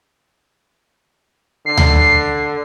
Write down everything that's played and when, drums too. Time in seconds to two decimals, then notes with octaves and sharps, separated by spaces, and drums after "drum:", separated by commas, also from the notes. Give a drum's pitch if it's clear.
1.66 D3 C7
1.77 drum: tom D2